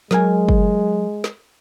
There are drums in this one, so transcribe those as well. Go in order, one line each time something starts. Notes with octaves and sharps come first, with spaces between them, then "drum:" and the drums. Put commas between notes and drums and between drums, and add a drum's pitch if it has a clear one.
F#3 G#3 A#4 G#5, drum: snare
drum: kick
drum: snare